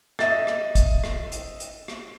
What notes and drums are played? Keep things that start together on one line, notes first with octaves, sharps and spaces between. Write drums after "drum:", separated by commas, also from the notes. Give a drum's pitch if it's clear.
D#5 E5 A6, drum: rim click
drum: rim click
drum: kick, hi-hat
drum: rim click
drum: hi-hat
drum: hi-hat
drum: rim click